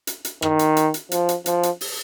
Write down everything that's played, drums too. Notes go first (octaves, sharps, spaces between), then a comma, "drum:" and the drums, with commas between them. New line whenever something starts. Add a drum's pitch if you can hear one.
drum: hi-hat
drum: hi-hat
D#3, drum: rim click
drum: hi-hat
drum: hi-hat
drum: hi-hat
F3, drum: hi-hat
drum: hi-hat
F3, drum: hi-hat
drum: hi-hat
drum: open hi-hat